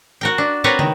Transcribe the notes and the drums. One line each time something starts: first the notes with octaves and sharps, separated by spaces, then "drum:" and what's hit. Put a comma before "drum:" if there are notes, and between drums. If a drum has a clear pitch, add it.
F#4 A#4 G5
D4
C4 F#4 A#4 B4 C#5 D5
D#3, drum: tom